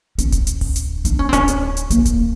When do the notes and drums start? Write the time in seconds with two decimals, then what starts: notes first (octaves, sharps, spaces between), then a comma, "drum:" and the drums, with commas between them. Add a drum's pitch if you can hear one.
0.18 C#4, drum: hi-hat
0.32 drum: kick D1, hi-hat
0.47 drum: hi-hat
0.61 drum: kick D1, open hi-hat
0.76 drum: hi-hat
1.05 D4, drum: hi-hat
1.19 C#4
1.29 C4
1.33 C#4, drum: kick D1, hi-hat
1.48 drum: hi-hat
1.77 drum: hi-hat
1.90 A#3, drum: hi-hat
2.05 drum: kick D1, hi-hat